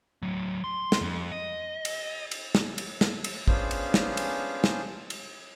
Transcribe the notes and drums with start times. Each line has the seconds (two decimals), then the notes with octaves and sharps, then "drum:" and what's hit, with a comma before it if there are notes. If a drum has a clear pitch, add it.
0.22 A2 F#3
0.64 C6
0.92 drum: snare
1.01 F2
1.32 D#5
1.85 drum: cymbal
2.31 drum: cymbal
2.55 drum: snare
2.78 drum: cymbal
3.01 drum: snare
3.24 drum: cymbal
3.48 B3 C#4 D4 F4 G#4 C5, drum: kick
3.71 drum: cymbal
3.94 drum: snare
4.17 drum: cymbal
4.64 drum: snare
5.10 drum: cymbal